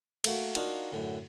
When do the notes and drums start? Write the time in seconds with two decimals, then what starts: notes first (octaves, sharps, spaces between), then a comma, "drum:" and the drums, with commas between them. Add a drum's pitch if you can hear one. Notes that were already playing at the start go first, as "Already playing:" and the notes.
0.24 A3 A#3 F#4, drum: cymbal
0.55 A#3 D4 D#4 F4 F#4, drum: cymbal
0.92 F#2 A2 D3